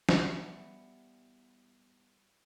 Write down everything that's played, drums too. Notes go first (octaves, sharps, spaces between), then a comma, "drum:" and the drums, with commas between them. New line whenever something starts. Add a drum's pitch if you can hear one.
E3 G3 B3, drum: snare